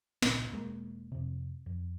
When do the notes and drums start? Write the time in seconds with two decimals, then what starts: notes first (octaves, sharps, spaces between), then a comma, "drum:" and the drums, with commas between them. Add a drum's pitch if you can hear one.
0.22 G#1 C#2 A#2, drum: snare
0.52 E1 G#3 A#3
1.12 F2 C3
1.66 F2